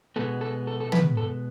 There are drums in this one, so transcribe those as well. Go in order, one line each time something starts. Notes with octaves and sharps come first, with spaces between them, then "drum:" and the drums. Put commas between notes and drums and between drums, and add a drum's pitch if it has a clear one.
B2 G#3 B3 A4
A4
A4
A4
B4, drum: tom
A4